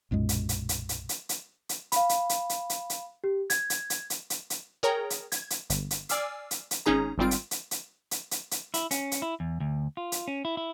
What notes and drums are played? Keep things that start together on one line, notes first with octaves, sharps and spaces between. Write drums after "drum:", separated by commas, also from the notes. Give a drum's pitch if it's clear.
B1 F#2 A#2 G#3
drum: hi-hat
drum: hi-hat
drum: hi-hat
drum: hi-hat
drum: hi-hat
drum: hi-hat
drum: hi-hat
F5 B5, drum: hi-hat
drum: hi-hat
drum: hi-hat
drum: hi-hat
drum: hi-hat
drum: hi-hat
G4
G#6, drum: hi-hat
drum: hi-hat
drum: hi-hat
drum: hi-hat
drum: hi-hat
drum: hi-hat
G#4 A#4 C#5 G5 A#5
drum: hi-hat
G#6, drum: hi-hat
drum: hi-hat
G1, drum: hi-hat
drum: hi-hat
D5 G#5 D6 E6 F6 C7, drum: hi-hat
drum: hi-hat
drum: hi-hat
G#1 C#4 D#4 G#4 A#5
G#1 G#2 G3 C4 F4 D7
drum: hi-hat
drum: hi-hat
drum: hi-hat
drum: hi-hat
drum: hi-hat
drum: hi-hat
E4, drum: hi-hat
C#4, drum: hi-hat
drum: hi-hat
E4
E2
D2
F4
drum: hi-hat
C#4
E4
E4